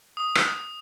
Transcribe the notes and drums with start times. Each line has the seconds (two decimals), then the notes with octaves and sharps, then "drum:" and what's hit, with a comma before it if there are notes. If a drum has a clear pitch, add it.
0.17 D#6
0.35 drum: rim click